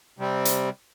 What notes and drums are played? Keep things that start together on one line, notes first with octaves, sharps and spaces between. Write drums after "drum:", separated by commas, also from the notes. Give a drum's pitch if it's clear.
C3 G3 C4
drum: hi-hat